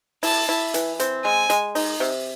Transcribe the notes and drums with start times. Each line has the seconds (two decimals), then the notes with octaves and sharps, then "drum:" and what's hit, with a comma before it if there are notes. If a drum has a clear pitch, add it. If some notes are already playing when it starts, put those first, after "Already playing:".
0.23 E4 A5, drum: open hi-hat
0.49 E4
0.74 E3, drum: hi-hat
1.00 C4, drum: hi-hat
1.24 G#3 G#5
1.50 G#3, drum: hi-hat
1.75 D#4, drum: open hi-hat
2.00 C3